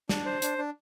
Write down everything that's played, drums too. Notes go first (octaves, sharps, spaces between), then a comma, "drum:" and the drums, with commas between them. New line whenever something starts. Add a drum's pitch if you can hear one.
D4, drum: snare
C5
D4, drum: hi-hat
D4